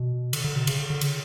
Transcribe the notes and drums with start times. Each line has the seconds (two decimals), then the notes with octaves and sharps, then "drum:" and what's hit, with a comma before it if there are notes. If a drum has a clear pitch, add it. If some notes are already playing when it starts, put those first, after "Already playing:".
Already playing: B2
0.33 D3, drum: cymbal
0.44 D3
0.56 B2
0.67 C#3, drum: cymbal
0.79 D3
0.90 D3
1.01 C#3, drum: cymbal